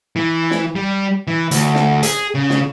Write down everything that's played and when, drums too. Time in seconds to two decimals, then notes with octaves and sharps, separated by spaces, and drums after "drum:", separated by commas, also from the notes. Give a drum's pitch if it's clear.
0.16 E3
0.51 drum: snare
0.76 G3
1.28 E3
1.51 D2, drum: hi-hat
1.75 drum: snare
2.03 G#4, drum: hi-hat
2.35 C#3
2.50 drum: snare